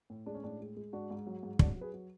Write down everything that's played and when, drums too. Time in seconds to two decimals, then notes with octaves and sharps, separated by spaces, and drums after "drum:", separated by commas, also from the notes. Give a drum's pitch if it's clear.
0.10 A2
0.26 G#3 D4
0.35 C#4
0.43 A2 D4
0.60 G#3
0.77 G#3
0.93 G#2 D4 F#4
1.10 G#2
1.27 F#3
1.43 G#2
1.59 F#3 D4 F#4, drum: kick
1.76 F#3
1.81 G#4 B4
1.94 F#3